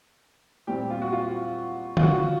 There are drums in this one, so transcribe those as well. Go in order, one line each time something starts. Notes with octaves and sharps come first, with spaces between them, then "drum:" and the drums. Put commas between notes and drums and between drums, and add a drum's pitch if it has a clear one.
A#2 G3 C4 G4
F4
F#4
F4
F4, drum: tom D3
F#4